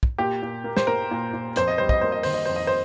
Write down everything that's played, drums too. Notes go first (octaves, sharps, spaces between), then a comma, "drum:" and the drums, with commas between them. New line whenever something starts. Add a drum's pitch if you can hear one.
drum: kick
A#2 G4
A#2
A#3
C5, drum: snare
A#3 A#4
A#2
A#2
F2 C5, drum: hi-hat
D#5
G3 C5
D#5, drum: kick
A#3 C5
D#5
D#3 C5, drum: open hi-hat
D#5
F2 C5
D#5
C5